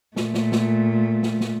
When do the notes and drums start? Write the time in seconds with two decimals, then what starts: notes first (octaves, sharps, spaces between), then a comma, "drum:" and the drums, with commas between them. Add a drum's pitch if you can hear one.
0.16 A#2 A3, drum: snare
0.34 drum: snare
0.52 drum: snare
1.23 drum: snare
1.40 drum: snare